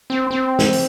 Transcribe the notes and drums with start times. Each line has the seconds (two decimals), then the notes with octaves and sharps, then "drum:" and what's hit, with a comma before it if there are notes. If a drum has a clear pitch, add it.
0.10 C4
0.31 C4
0.59 drum: snare
0.73 drum: open hi-hat